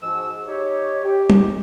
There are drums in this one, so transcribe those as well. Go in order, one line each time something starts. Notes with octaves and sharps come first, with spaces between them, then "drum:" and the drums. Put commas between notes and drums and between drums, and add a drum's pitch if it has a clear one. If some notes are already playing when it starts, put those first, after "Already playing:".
G#2 F3 F#4 E6
D#4 G4 C#5
G4
drum: tom